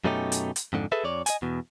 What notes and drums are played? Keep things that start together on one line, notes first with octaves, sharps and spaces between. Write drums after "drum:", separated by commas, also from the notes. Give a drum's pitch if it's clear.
F#2 B2 A3 C#4 D#4 G4
drum: hi-hat
drum: hi-hat
F2 G#2 D3
G#4 A4 B4 E5
F2 C#5 D5
D#5 G#5, drum: hi-hat
E2 B2